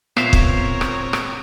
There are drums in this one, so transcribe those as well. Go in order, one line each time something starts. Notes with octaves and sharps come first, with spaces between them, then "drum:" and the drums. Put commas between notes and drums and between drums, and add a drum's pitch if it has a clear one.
A#1 B3 C4 A#4 C5 C#5 E5 F5, drum: rim click
drum: kick
drum: rim click
drum: rim click